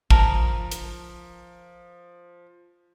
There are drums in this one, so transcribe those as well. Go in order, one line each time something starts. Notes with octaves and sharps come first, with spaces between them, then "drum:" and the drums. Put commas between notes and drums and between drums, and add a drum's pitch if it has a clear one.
F3 A#4 A5, drum: kick A1
drum: hi-hat